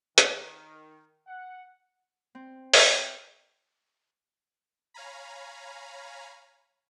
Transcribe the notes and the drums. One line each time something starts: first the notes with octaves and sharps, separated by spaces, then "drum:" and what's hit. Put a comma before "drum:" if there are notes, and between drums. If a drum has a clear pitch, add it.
D#3, drum: hi-hat
F#5
C4
G4, drum: open hi-hat
C#5 F5 G#5 A#5 B5